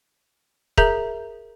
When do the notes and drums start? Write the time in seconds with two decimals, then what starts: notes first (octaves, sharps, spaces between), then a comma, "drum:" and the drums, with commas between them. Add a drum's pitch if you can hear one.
0.78 G#4 A#4 E5 A#5 G6, drum: kick